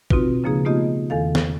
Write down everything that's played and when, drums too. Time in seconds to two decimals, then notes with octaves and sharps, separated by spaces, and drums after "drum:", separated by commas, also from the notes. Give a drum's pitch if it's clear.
0.10 B2 C4 D#4 F4 F#4 B4, drum: kick
0.44 C#3 F3 A#3 D#4 G#4
0.65 A3 B3 D#4 F4 G4 D#5
1.10 E2 D#3 A4 F5
1.35 drum: snare